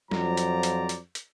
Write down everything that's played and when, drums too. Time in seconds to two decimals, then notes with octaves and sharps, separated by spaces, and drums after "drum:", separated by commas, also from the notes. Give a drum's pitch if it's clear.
0.11 F2 F3 F#3 C5 D5 A#5, drum: snare
0.37 drum: hi-hat
0.63 drum: hi-hat
0.89 drum: hi-hat
1.15 drum: hi-hat